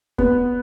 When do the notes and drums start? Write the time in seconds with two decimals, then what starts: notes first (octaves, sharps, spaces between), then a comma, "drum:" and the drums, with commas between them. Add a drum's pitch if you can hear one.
0.18 B3, drum: kick